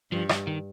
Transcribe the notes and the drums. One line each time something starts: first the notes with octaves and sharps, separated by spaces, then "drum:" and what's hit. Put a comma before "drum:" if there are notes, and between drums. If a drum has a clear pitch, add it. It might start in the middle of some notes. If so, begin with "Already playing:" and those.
G2 F3
drum: rim click
D#3